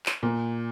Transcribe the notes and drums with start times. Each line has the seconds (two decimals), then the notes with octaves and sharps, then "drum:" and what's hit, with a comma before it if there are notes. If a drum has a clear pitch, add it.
0.06 drum: clap
0.23 A#2